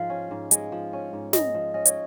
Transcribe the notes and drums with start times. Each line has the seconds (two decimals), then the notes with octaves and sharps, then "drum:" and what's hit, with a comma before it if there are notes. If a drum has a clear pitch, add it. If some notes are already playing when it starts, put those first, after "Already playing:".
Already playing: G#2 F3 G#3 F5
0.10 C#4
0.31 G#2
0.51 G#3, drum: hi-hat
0.72 F3
0.93 C#4
1.13 G#2
1.33 G#3 D#5, drum: snare
1.55 F3
1.74 C#4 D#5
1.86 C#5, drum: hi-hat